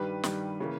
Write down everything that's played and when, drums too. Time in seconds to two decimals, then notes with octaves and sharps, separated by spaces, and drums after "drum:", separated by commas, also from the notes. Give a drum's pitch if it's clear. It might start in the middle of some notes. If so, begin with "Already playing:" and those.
Already playing: G2 D#3 G3 B4
0.23 G2 D#3 G3, drum: snare
0.60 C#3 E3 A#3